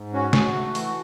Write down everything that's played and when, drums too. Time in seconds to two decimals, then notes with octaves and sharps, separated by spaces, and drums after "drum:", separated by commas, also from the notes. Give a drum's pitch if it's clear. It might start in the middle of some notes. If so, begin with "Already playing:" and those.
Already playing: G#2
0.13 C#4 F#4
0.33 G#2, drum: snare
0.54 A3
0.75 E3, drum: open hi-hat